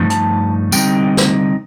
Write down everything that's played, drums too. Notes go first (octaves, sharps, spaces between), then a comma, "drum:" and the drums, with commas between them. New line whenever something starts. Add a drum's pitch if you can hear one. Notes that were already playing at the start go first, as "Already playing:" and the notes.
Already playing: G2 F3 A3 D#4
A5, drum: hi-hat
D3 G3 C4 D#4 G5, drum: tambourine
drum: snare